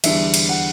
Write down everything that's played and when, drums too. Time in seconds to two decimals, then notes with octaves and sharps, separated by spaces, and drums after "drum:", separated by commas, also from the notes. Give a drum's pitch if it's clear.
0.04 E2 D3 G3 E5, drum: cymbal
0.34 drum: cymbal
0.49 F#5